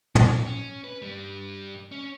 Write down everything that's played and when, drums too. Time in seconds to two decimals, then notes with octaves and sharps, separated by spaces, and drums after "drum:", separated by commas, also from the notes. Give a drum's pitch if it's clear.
0.15 F2, drum: tom
0.46 C#4
0.84 B4
1.02 G2 G3
1.92 C#4